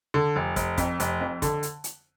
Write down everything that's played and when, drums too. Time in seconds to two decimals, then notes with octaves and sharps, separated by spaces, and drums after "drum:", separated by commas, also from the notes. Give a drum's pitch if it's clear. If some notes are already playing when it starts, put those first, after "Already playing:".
0.14 D3
0.36 F1
0.56 F1, drum: kick, hi-hat
0.78 F2, drum: kick, hi-hat
1.00 F1, drum: hi-hat
1.20 F2
1.42 D3, drum: kick, hi-hat
1.63 drum: hi-hat
1.84 drum: hi-hat